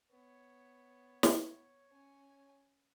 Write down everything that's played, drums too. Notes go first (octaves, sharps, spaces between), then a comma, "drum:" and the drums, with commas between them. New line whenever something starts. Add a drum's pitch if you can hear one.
B3 C#5
drum: snare
C#4 G#5